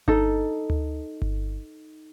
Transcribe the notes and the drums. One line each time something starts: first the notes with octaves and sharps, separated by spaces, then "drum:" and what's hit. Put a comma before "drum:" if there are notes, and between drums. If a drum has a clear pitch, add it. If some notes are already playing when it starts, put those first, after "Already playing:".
D#4 A4, drum: kick G1
drum: tom D2
drum: kick G1